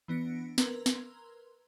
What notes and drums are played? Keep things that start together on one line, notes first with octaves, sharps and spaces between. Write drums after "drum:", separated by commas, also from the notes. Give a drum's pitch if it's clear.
E3 B3 D4 A#6 C#7 D7
A#4 B4 A#5 C6 E6 G#6, drum: snare
drum: snare